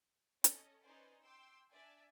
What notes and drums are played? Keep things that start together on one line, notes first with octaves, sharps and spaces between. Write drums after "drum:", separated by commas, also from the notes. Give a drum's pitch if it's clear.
C#4 A4 D#5, drum: hi-hat
C#4 D#4 B4 C5 D5 G#5
G5 C6 D6 E6
D4 D5 E5 G#5